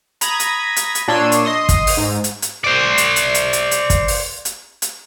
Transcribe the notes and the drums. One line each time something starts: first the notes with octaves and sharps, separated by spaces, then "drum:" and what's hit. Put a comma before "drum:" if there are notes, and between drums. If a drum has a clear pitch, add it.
A#5 B5 D#6 G#6 A#6, drum: hi-hat
drum: hi-hat
drum: hi-hat
drum: hi-hat
A#2 D4 C#5 C6 E6 D#7
drum: hi-hat
D#5 C6 D#6
drum: kick, hi-hat
drum: open hi-hat
G#2
drum: hi-hat
drum: hi-hat
C5 D5
drum: hi-hat
drum: hi-hat
drum: hi-hat
drum: hi-hat
drum: hi-hat
drum: kick, hi-hat
drum: open hi-hat
drum: hi-hat
drum: hi-hat